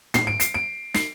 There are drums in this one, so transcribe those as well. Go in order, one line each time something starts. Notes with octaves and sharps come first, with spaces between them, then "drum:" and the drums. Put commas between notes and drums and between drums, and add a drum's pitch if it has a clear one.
C7, drum: tom
D7
C7, drum: hi-hat
D7
C7, drum: snare